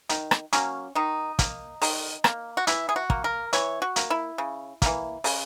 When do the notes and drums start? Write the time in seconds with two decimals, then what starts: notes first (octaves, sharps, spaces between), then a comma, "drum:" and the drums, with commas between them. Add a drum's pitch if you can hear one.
0.09 D#3, drum: hi-hat
0.31 drum: rim click
0.53 F#3 A#3 C#4, drum: hi-hat
0.95 D#3 D#4
1.39 A#3, drum: kick, hi-hat
1.82 D#3, drum: open hi-hat
2.24 A#3, drum: rim click
2.57 F#4
2.67 E3 E4, drum: hi-hat
2.89 G#4
2.96 F#4
3.10 A#3, drum: kick
3.24 A#4
3.53 E3 C#5, drum: hi-hat
3.82 F#4
3.96 A#3, drum: hi-hat
4.10 E4
4.38 C#3
4.82 E3 A#3, drum: kick, hi-hat
5.24 C#3, drum: open hi-hat